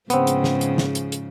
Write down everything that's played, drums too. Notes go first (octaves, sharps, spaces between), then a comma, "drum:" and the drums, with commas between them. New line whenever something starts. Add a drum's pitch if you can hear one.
G#2 C#3 F3 B3 C4, drum: hi-hat
drum: hi-hat
drum: snare
drum: hi-hat
drum: snare
drum: hi-hat
drum: hi-hat